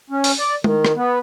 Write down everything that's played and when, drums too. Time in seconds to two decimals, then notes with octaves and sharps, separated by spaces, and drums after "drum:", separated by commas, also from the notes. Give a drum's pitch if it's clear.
0.10 C#4
0.24 drum: open hi-hat
0.39 D5
0.64 D#3, drum: tom G#3
0.85 drum: rim click
0.96 B3